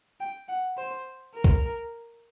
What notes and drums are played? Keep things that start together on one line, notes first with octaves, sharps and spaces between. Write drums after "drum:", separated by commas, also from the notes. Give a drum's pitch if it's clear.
G5
F#5
C5
A#4
drum: kick C2